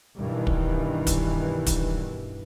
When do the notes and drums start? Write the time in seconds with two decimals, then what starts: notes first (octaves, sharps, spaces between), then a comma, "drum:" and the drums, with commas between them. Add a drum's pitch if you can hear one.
0.17 G2 B2 D#3 E3
0.47 drum: kick
1.07 drum: kick, hi-hat
1.66 drum: kick, hi-hat